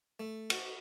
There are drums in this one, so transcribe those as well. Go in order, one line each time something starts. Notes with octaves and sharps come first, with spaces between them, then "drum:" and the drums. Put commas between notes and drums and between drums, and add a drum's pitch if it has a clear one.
A3
F#4, drum: cymbal